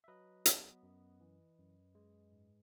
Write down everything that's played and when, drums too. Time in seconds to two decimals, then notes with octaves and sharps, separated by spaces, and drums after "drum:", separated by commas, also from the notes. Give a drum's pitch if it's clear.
0.04 E5
0.08 F#3 B4 D#5
0.46 B3, drum: hi-hat
0.83 F#2
1.21 E3
1.58 F#2
1.95 G#3
2.32 G#2